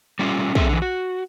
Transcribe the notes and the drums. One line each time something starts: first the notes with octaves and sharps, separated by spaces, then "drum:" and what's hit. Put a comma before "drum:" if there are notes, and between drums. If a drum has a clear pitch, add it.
G3 A3 C#4 F4
F3 C4 G#4 A4 E5, drum: kick
D3 E3
F#4